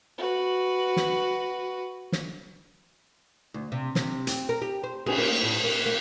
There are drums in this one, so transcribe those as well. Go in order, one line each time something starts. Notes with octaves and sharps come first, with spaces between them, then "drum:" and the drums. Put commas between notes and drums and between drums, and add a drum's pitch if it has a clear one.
F#4 B4
drum: snare
drum: snare
D2
C3
C3, drum: snare
C4, drum: hi-hat
A#4
G4
C5
G#4, drum: cymbal
A#3
A2
A#3
A#3